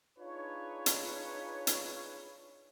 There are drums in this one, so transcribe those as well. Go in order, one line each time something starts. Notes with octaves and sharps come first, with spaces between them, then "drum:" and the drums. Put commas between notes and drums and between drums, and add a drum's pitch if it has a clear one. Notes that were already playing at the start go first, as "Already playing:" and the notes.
D4 D#4 F4 G#4 B4 C#5
drum: hi-hat
drum: hi-hat